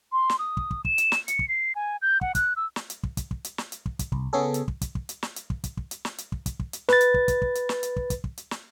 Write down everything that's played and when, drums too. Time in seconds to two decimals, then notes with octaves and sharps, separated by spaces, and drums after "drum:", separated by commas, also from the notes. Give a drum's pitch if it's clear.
0.12 C6
0.30 drum: snare
0.39 D#6
0.57 drum: kick
0.71 drum: kick
0.85 E7, drum: kick
0.98 drum: hi-hat
1.12 drum: snare
1.28 C#7, drum: hi-hat
1.39 drum: kick
1.49 C7
1.75 G#5
2.02 G6
2.21 F#5, drum: kick
2.35 F#6, drum: kick, hi-hat
2.56 E6
2.76 drum: snare
2.90 drum: hi-hat
3.03 drum: kick
3.17 drum: kick, hi-hat
3.31 drum: kick
3.45 drum: hi-hat
3.58 drum: snare
3.72 drum: hi-hat
3.86 drum: kick
3.99 drum: kick, hi-hat
4.12 C2, drum: kick
4.33 C#3 B3 C#4 G#4 A4
4.54 drum: hi-hat
4.68 drum: kick
4.81 drum: kick, hi-hat
4.95 drum: kick
5.09 drum: hi-hat
5.23 drum: snare
5.36 drum: hi-hat
5.50 drum: kick
5.64 drum: kick, hi-hat
5.77 drum: kick
5.91 drum: hi-hat
6.05 drum: snare
6.18 drum: hi-hat
6.32 drum: kick
6.46 drum: kick, hi-hat
6.59 drum: kick
6.73 drum: hi-hat
6.89 B4 A6, drum: snare
7.01 drum: hi-hat
7.14 drum: kick
7.28 drum: kick, hi-hat
7.42 drum: kick
7.55 drum: hi-hat
7.69 drum: snare
7.83 drum: hi-hat
7.96 drum: kick
8.10 drum: kick, hi-hat
8.24 drum: kick
8.38 drum: hi-hat
8.51 drum: snare